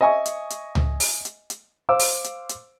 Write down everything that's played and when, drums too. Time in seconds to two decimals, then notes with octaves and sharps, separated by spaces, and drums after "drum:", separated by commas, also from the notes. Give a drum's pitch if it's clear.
0.01 D#5 E5 G#5 C#6 D#6
0.26 drum: hi-hat
0.50 drum: hi-hat
0.75 drum: tom C#2
1.00 drum: open hi-hat
1.25 drum: hi-hat
1.50 drum: hi-hat
1.89 C5 F5 D6 E6
2.00 drum: open hi-hat
2.24 drum: hi-hat
2.49 drum: hi-hat